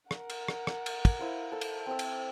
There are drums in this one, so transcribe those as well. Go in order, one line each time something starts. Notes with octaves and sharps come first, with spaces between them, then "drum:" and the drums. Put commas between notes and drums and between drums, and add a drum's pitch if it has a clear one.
A#4 F#5, drum: rim click
drum: cymbal
drum: rim click
drum: rim click
drum: cymbal
drum: kick, cymbal
E4 C5 F5
A4 E6
drum: cymbal
C4 E6
drum: cymbal